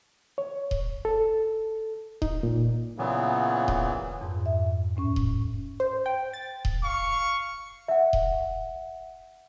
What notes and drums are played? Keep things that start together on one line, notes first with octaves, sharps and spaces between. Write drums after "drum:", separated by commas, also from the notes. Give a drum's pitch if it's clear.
C#5
drum: kick D#1
A4
D#4, drum: kick D#1
A#2
A#2 C#3 E3 F#3 B3
drum: kick D#1
F2 G#2
E5
D#2 A2 C#4 C#6
drum: kick D#1
C5
G5
A6
drum: kick D#1
F5 C#6
E5 F#5
drum: kick D#1